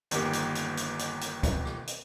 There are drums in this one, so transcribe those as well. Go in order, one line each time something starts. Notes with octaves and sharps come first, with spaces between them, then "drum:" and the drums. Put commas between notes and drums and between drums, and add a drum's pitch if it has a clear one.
G1 E2 D#3 A#3 G4, drum: hi-hat
drum: hi-hat
drum: hi-hat
drum: hi-hat
drum: hi-hat
drum: hi-hat
drum: kick, hi-hat
drum: rim click
drum: hi-hat